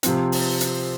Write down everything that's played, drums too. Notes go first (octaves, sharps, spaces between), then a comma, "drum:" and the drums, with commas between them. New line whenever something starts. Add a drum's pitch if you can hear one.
C3 F3 C4, drum: hi-hat
drum: open hi-hat
drum: hi-hat